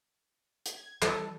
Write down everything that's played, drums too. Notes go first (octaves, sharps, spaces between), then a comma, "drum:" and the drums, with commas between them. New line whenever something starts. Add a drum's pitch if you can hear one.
drum: hi-hat
G#6
E3 G3 A4, drum: clap